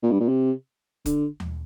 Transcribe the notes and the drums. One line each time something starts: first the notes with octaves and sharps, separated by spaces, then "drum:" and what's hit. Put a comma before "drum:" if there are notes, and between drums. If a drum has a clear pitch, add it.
A#2
G2
A#2
C3
D3, drum: kick, hi-hat
drum: tom D#2